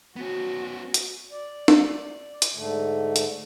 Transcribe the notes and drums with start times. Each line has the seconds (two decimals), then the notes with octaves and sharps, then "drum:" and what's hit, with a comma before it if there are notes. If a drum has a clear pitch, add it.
0.16 B3 C#4 F#4
0.94 drum: hi-hat
1.31 D5
1.68 drum: snare
2.42 drum: hi-hat
2.55 G#2 D3 A3
3.16 drum: hi-hat